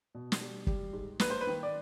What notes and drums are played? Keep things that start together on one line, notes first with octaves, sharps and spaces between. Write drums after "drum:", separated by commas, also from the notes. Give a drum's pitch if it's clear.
B2
drum: snare
G3
G3, drum: kick
G#2
A#3 B4, drum: snare
C5
B4
D#3
D5